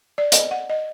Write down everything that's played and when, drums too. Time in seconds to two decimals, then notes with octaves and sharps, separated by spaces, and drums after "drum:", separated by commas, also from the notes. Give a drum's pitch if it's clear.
0.18 D5
0.32 D#5, drum: hi-hat
0.51 F#5
0.70 D#5